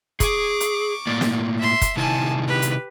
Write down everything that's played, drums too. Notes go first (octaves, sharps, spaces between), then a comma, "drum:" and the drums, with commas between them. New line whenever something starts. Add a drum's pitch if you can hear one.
G#4 C#6 D6, drum: kick, hi-hat
drum: hi-hat
A2 A#3 D5
drum: snare
E5 C6
drum: kick, hi-hat
C3 D#3 E4 G#5 A5
G4 B4
drum: hi-hat